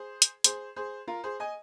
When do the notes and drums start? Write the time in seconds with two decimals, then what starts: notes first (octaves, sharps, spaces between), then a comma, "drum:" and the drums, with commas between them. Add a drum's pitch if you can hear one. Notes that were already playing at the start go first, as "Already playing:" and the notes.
Already playing: G#4 C5
0.22 drum: hi-hat
0.44 G#4 C5, drum: hi-hat
0.76 G#4 C5
1.08 F4 A#4
1.24 G#4 C5
1.40 D#5 G#5